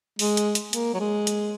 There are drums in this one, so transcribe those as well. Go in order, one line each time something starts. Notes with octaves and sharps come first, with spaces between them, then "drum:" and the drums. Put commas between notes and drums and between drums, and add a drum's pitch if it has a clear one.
G#3, drum: open hi-hat
drum: hi-hat
drum: hi-hat
A#3, drum: hi-hat
F#3
G#3
drum: hi-hat